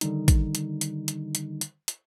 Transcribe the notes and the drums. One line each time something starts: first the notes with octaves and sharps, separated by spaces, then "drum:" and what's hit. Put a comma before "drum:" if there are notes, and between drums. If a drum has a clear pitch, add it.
D3 D#3 G3 D#4, drum: hi-hat
drum: kick, hi-hat
drum: hi-hat
drum: hi-hat
drum: hi-hat
drum: hi-hat
drum: hi-hat
drum: hi-hat